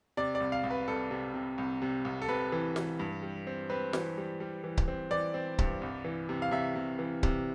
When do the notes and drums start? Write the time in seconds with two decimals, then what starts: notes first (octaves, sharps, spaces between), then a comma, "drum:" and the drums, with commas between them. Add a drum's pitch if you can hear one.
0.17 C3 D5
0.35 D5
0.40 C2
0.52 F5
0.64 C2
0.70 B4
0.88 C2 A4
1.11 C3
1.34 C3
1.58 C2
1.82 C3
2.05 C2
2.22 A4
2.28 C3 B4
2.52 E3
2.76 E3, drum: snare
2.99 G2
3.22 G3
3.47 C4
3.70 C4 B4
3.93 E3, drum: snare
4.17 G3
4.40 G3
4.64 E3
4.77 drum: kick C#1
4.88 C4
5.11 E3 D5
5.34 C4
5.59 G2, drum: kick C#1
5.82 C2
6.05 E3
6.29 C3
6.42 F5
6.51 C3 E5
6.75 C3
6.99 E3
7.23 C3, drum: kick C#1